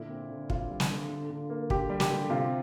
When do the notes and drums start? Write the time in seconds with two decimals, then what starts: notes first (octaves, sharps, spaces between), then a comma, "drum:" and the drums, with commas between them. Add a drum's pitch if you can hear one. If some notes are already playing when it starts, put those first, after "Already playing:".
Already playing: A#2 D3 E4
0.10 C4
0.30 D3
0.50 D3 F4, drum: kick
0.70 G3
0.80 drum: snare
0.90 D3
1.09 D3
1.30 D3
1.50 A#3
1.70 D3 G4, drum: kick
1.90 G3
2.00 G4, drum: snare
2.10 D3
2.30 C3 F4